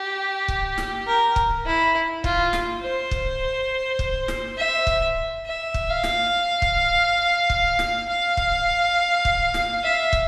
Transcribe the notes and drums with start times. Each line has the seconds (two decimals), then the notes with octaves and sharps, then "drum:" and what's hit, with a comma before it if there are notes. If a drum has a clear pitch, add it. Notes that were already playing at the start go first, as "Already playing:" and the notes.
Already playing: G4
0.48 drum: kick
0.78 drum: snare
1.07 A#4
1.36 drum: kick
1.66 E4
2.24 F4, drum: kick
2.53 drum: snare
2.82 C5
3.11 drum: kick
3.99 drum: kick
4.28 drum: snare
4.57 E5
4.87 drum: kick
5.45 E5
5.74 drum: kick
5.90 F5
6.04 drum: snare
6.62 drum: kick
7.50 drum: kick
7.79 drum: snare
8.09 F5
8.37 drum: kick
9.25 drum: kick
9.54 drum: snare
9.83 E5
10.13 drum: kick